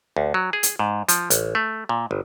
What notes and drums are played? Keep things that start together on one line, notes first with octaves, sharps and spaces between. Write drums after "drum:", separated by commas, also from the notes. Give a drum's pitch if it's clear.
D2
F#3
G#4
drum: hi-hat
G#2
F3, drum: hi-hat
A1, drum: hi-hat
A3
A#2
G1